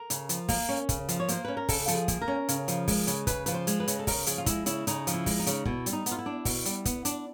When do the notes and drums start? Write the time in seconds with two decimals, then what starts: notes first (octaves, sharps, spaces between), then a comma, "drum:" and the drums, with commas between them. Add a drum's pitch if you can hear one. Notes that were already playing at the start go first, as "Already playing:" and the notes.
Already playing: A#4
0.10 C#3, drum: hi-hat
0.29 F3, drum: hi-hat
0.49 A#3, drum: kick, open hi-hat
0.69 C#4
0.89 C#3, drum: kick, hi-hat
1.09 F3, drum: hi-hat
1.20 C#5
1.28 A#3 C5, drum: hi-hat
1.45 C#4 B4
1.57 A#4
1.69 C#3 A4, drum: kick, open hi-hat
1.88 F3 A4, drum: hi-hat
1.95 G#4
2.08 A#3, drum: kick, hi-hat
2.22 A#4
2.28 C#4
2.49 C#3, drum: hi-hat
2.68 F3, drum: hi-hat
2.88 G#3, drum: kick, open hi-hat
3.07 C#3, drum: hi-hat
3.27 C#3 B4, drum: kick, hi-hat
3.46 F3 B4, drum: hi-hat
3.54 C5
3.67 G#3, drum: hi-hat
3.80 B4
3.88 C#3, drum: hi-hat
3.99 A4
4.07 C#3 A#4, drum: kick, open hi-hat
4.26 F3 G#4, drum: hi-hat
4.38 F4
4.46 G#3 E4, drum: kick, hi-hat
4.66 C#3 E4, drum: hi-hat
4.87 C#3 D#4, drum: hi-hat
5.07 F3, drum: hi-hat
5.14 E4
5.26 G#3, drum: kick, open hi-hat
5.39 D#4
5.46 C#3, drum: hi-hat
5.65 B2 E4, drum: kick
5.86 G3, drum: hi-hat
5.93 D#4
6.06 B3, drum: hi-hat
6.11 F4
6.19 E4
6.26 D4
6.45 B2, drum: kick, open hi-hat
6.65 G3, drum: hi-hat
6.85 B3, drum: kick, hi-hat
7.05 D4, drum: hi-hat